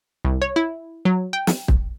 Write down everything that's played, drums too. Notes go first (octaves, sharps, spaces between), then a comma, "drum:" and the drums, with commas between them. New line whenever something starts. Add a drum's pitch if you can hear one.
C2
C#5
E4
F#3
G5
drum: snare
drum: kick